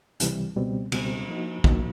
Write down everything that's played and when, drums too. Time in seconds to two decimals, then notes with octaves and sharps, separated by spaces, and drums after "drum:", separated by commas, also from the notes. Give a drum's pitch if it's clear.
0.20 C#2 C3 E3 G3, drum: hi-hat
0.56 C#2 B2 G3 C4
0.92 C#2 B2 G3 C4, drum: cymbal
1.28 F3 A#3 D#4 F#4
1.64 F3 A#3 D#4 F#4, drum: kick